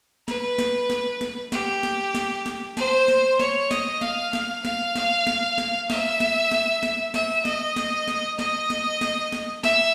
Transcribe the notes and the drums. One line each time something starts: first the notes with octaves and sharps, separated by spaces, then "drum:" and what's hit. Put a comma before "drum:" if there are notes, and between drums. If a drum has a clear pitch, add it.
B4, drum: snare
drum: snare
drum: snare
drum: snare
G4, drum: snare
drum: snare
drum: snare
drum: snare
C5, drum: snare
drum: snare
C#5, drum: snare
D#5, drum: snare
F5, drum: snare
F5, drum: snare
F5, drum: snare
F5, drum: snare
drum: snare
drum: snare
E5, drum: snare
drum: snare
drum: snare
drum: snare
E5, drum: snare
D#5, drum: snare
drum: snare
drum: snare
D#5, drum: snare
drum: snare
drum: snare
drum: snare
E5, drum: snare